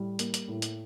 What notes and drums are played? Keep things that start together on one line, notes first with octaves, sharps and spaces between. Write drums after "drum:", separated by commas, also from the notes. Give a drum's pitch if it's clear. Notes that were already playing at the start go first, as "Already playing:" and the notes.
Already playing: A2 G3
A#3, drum: hi-hat
drum: hi-hat
A2
drum: hi-hat